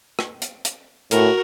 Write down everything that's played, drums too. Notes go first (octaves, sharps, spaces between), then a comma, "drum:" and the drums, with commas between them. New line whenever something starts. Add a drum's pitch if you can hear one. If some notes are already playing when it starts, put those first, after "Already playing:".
drum: rim click
drum: hi-hat
drum: hi-hat
A2 F#4 A#4, drum: hi-hat